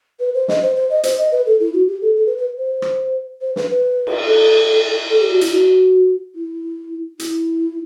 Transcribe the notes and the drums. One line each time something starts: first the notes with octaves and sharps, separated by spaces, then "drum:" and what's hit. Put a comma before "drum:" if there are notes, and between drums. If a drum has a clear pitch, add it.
B4
C5
D#5, drum: snare
C5
C5
D#5
C5, drum: hi-hat
D#5
B4
A4
E4
F#4
G4
A4
A4
B4
B4
C5
drum: rim click
C5
B4, drum: snare
B4
drum: cymbal
A4
A4
G4
F#4
E4, drum: hi-hat
F#4
E4
E4, drum: hi-hat